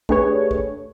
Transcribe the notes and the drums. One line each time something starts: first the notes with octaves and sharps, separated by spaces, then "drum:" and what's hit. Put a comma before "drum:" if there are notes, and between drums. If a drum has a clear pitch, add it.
A3 D4 G4 G#4 B4 C#5, drum: kick
drum: kick